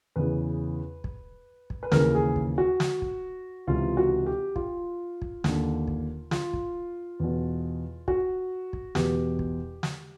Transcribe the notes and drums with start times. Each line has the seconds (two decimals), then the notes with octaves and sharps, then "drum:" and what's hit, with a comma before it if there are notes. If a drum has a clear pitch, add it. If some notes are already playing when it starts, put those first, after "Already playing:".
0.16 E2 C#3 E3 B4
1.04 drum: kick
1.70 drum: kick
1.83 B4
1.92 D#2 C#3 E3 A#4, drum: snare
2.15 G#4
2.36 drum: kick
2.58 F#4
2.80 drum: snare
3.02 drum: kick
3.67 C#2 C3 E3 F4
3.97 F#4
4.26 G4
4.56 F4, drum: kick
5.22 drum: kick
5.44 D#2 D3, drum: snare
5.87 drum: kick
6.31 F4, drum: snare
6.53 drum: kick
7.20 E2 B2
8.08 F#4, drum: kick
8.73 drum: kick
8.95 E2 B2 G4, drum: snare
9.39 drum: kick
9.83 drum: snare